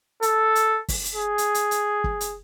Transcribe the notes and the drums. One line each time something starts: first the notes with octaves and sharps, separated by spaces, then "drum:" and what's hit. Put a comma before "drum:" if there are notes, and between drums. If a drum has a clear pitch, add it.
A4, drum: hi-hat
drum: hi-hat
drum: kick, open hi-hat
drum: hi-hat
G#4
drum: hi-hat
drum: hi-hat
drum: hi-hat
drum: kick
drum: hi-hat